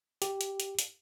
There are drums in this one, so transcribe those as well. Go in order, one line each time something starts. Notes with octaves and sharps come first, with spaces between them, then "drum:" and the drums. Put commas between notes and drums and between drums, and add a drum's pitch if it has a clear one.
G4, drum: hi-hat
drum: hi-hat
drum: hi-hat
drum: hi-hat